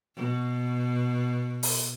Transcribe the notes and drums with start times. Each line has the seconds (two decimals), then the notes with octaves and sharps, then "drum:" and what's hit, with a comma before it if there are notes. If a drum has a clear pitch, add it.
0.16 B2
1.63 drum: open hi-hat